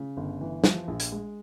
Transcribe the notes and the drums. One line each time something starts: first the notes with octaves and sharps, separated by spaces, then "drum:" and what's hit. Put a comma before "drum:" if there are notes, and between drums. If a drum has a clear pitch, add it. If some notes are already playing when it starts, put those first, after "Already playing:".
Already playing: C#3
G1
E3
F3, drum: snare
A#1
drum: hi-hat
G#3